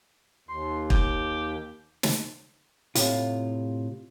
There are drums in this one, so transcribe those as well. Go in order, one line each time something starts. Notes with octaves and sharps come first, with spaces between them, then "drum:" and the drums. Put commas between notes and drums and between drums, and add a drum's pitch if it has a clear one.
D#2 C6
G4, drum: kick
drum: snare
A2 C3 F4, drum: hi-hat